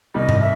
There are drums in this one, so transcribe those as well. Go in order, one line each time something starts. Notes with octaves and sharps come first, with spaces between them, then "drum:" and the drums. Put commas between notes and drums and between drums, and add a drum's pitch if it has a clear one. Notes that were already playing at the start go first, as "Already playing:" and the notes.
C2 C3 D#3 G3 D#5
drum: tom G#2
E5